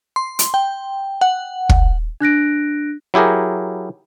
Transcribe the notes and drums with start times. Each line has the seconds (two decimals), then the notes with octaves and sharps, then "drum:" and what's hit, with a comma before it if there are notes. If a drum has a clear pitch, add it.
0.16 C6
0.39 drum: hi-hat
0.54 G5
1.21 F#5
1.69 drum: kick
2.21 D4 F#6 A#6 D7
3.14 F#3 E4 G4 G#4 A#4